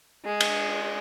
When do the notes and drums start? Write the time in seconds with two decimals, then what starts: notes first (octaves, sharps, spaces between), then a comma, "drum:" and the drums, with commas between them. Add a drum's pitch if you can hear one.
0.25 G#3
0.40 drum: cymbal